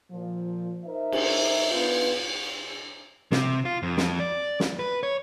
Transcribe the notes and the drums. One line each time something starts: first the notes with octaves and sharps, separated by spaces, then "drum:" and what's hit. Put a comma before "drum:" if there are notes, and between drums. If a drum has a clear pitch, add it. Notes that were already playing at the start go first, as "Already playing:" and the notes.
A#2 F3
D#4 A#4 C5 E5
drum: cymbal
B3 D4 D#4 F4 B4
C3, drum: snare
F4
F2
drum: snare
D5
drum: snare
B4
C#5